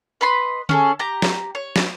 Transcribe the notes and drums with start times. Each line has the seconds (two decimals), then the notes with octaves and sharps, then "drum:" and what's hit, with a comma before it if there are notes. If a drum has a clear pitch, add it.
0.21 B4 D#5 B5 C6
0.69 C#4 G#4 A4, drum: tom D3
0.99 G4 A#5
1.22 drum: snare
1.55 C#5
1.76 drum: snare